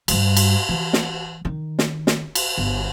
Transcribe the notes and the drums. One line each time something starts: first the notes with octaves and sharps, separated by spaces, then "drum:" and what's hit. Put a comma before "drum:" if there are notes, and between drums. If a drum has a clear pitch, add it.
G2 G3, drum: cymbal
drum: cymbal
E3
drum: snare
D#3 D#4
drum: snare
drum: snare
drum: cymbal
G1